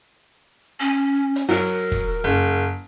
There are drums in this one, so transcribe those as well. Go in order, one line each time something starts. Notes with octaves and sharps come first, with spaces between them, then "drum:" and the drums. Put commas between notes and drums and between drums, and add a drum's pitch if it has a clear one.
C#4
drum: hi-hat
F#3 A#4
drum: kick
F#1